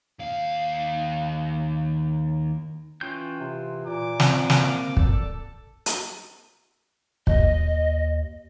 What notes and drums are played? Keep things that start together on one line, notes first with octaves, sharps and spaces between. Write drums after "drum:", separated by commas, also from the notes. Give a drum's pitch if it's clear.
D#2 F5
E3 C#4 F4 G5 G6
C3 C6
A#2 D6
C4, drum: snare
A#3 A#4, drum: snare
A4 D5, drum: kick
drum: hi-hat
D#2 D#5, drum: kick